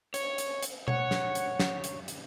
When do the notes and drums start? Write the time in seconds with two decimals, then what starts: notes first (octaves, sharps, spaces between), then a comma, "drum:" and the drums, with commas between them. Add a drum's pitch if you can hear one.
0.14 C#5, drum: hi-hat
0.38 drum: hi-hat
0.62 drum: hi-hat
0.88 C#5 F#5, drum: tom B2
1.11 drum: snare
1.35 drum: hi-hat
1.60 drum: snare
1.84 drum: hi-hat
2.08 drum: hi-hat